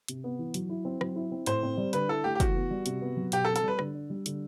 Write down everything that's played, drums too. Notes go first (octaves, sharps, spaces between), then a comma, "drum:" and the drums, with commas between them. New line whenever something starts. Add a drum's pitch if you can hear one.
C3, drum: hi-hat
B3
E3
F#3, drum: hi-hat
E4
C4
F#3, drum: rim click
E4
C4
A2 C5, drum: hi-hat
C4
G3
D3 B4, drum: hi-hat
E4 A4
A3 G4
G4
E3 F#4, drum: kick, hi-hat
B3
G3
C3, drum: hi-hat
B3
F#3
B2 G4, drum: hi-hat
A4
C4
A4, drum: hi-hat
G3 B4
D3, drum: rim click
D4
G3
D3, drum: hi-hat